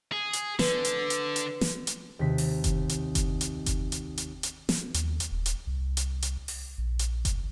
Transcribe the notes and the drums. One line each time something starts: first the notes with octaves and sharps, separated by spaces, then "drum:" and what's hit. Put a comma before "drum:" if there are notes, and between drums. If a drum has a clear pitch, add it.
G#4
drum: hi-hat
D3 B4, drum: snare
drum: hi-hat
drum: hi-hat
drum: hi-hat
drum: snare
drum: hi-hat
D#2 C3 B6
drum: open hi-hat
drum: kick F#1, hi-hat
drum: hi-hat
drum: kick F#1, hi-hat
drum: hi-hat
drum: kick F#1, hi-hat
drum: hi-hat
drum: hi-hat
drum: hi-hat
drum: snare
D#2, drum: hi-hat
drum: hi-hat
D#1
drum: hi-hat
C2
drum: hi-hat
drum: hi-hat
drum: open hi-hat
A#1
drum: hi-hat
drum: kick F#1, hi-hat